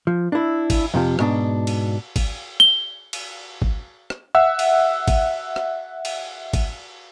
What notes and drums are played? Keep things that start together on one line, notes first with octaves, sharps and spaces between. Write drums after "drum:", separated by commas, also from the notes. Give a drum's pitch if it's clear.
F3
D4 E4
drum: kick G#1, cymbal
F2 C3 F3
G#2 B2 D4, drum: rim click
drum: cymbal
drum: kick G#1, cymbal
G7
drum: cymbal
drum: kick G#1
drum: rim click
E5 F#5 E6
drum: cymbal
drum: kick G#1, cymbal
drum: rim click
drum: cymbal
drum: kick G#1, cymbal